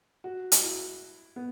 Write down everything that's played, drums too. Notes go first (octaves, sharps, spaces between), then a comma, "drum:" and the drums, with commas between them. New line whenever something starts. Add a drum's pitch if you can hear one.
F#4
F#4, drum: hi-hat
E4
B3